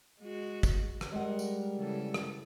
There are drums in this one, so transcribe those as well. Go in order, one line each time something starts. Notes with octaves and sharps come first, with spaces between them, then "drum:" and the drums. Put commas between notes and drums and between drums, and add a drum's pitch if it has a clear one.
G#3 F#4
drum: kick, tambourine
drum: rim click
G3 G#3 A#4 F#5
drum: tambourine
C#3 E3 A4
drum: rim click